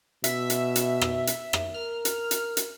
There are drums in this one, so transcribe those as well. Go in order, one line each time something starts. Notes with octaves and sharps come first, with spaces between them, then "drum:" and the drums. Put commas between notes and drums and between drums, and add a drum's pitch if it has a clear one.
B2 E5, drum: hi-hat
drum: hi-hat
drum: hi-hat
drum: rim click
drum: hi-hat
drum: rim click
A#4 F6
drum: hi-hat
drum: hi-hat
drum: hi-hat